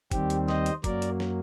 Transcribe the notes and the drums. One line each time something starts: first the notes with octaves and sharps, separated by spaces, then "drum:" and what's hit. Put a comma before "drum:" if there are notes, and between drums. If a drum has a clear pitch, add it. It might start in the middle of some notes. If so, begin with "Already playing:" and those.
D#2 D#3 G3 C4 G4, drum: kick, hi-hat
drum: hi-hat
C5 D#5, drum: snare
drum: hi-hat
F#2 F#3 A#3 A#4 D5, drum: kick, hi-hat
drum: hi-hat
drum: snare